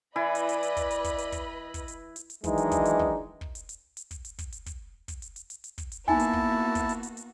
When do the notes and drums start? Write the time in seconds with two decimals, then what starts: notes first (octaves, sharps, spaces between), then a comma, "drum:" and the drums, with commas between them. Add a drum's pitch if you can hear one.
0.16 E3 E4 B4 D5 D#5 B5
0.35 drum: hi-hat
0.49 drum: hi-hat
0.63 drum: hi-hat
0.77 drum: kick, hi-hat
0.91 drum: hi-hat
1.04 drum: kick, hi-hat
1.18 drum: hi-hat
1.32 drum: kick, hi-hat
1.74 drum: kick, hi-hat
1.88 drum: hi-hat
2.16 drum: hi-hat
2.30 drum: hi-hat
2.44 D#3 E3 F#3 G#3 D4 D#4, drum: kick, hi-hat
2.58 drum: hi-hat
2.71 drum: kick, hi-hat
2.85 drum: hi-hat
2.99 drum: kick
3.41 drum: kick
3.55 drum: hi-hat
3.69 drum: hi-hat
3.97 drum: hi-hat
4.11 drum: kick, hi-hat
4.25 drum: hi-hat
4.39 drum: kick, hi-hat
4.52 drum: hi-hat
4.66 drum: kick, hi-hat
5.08 drum: kick, hi-hat
5.22 drum: hi-hat
5.36 drum: hi-hat
5.50 drum: hi-hat
5.64 drum: hi-hat
5.78 drum: kick, hi-hat
5.92 drum: hi-hat
6.08 A#3 B3 D#4 E4 F#4 G#5 A5, drum: kick
6.19 drum: hi-hat
6.33 drum: kick
6.75 drum: kick, hi-hat
6.89 drum: hi-hat
7.03 drum: hi-hat
7.17 drum: hi-hat